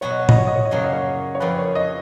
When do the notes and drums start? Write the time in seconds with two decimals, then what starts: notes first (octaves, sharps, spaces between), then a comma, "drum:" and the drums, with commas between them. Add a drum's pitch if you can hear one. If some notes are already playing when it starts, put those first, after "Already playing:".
0.01 B2 F#3 B3 F#4 C#5
0.11 D#5
0.20 C#5
0.29 D#5, drum: tom A2
0.38 C#5
0.47 D#5
0.56 C#5
0.65 D#5
0.71 F#2 C#3 F#3 A#3 C#5
0.84 D#5
0.93 C#5
1.35 C#5
1.40 F2 C#3 F3 A#3 B4
1.58 C#5
1.75 D#5